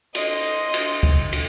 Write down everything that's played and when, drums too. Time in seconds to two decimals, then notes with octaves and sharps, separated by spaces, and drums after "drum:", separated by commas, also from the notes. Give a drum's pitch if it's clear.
0.15 D#5 C6, drum: cymbal
0.74 drum: cymbal
1.03 drum: kick
1.33 drum: cymbal